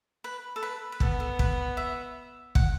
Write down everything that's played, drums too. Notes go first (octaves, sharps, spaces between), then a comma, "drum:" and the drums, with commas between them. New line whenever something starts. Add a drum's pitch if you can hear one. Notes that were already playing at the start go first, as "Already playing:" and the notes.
B4
A4
B4
B4
B3 A4, drum: kick
A4
B4, drum: kick
E5
F#5, drum: kick